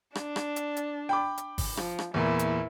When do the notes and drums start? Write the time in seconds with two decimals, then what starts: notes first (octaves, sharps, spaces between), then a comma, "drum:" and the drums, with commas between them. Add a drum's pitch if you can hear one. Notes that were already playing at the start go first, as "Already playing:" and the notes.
0.15 D4, drum: rim click
0.36 drum: rim click
0.56 drum: hi-hat
0.76 drum: hi-hat
1.09 G5 B5 D6
1.38 drum: hi-hat
1.58 drum: kick, open hi-hat
1.77 F3, drum: rim click
1.99 drum: rim click
2.14 E2 A#2 E4
2.39 drum: hi-hat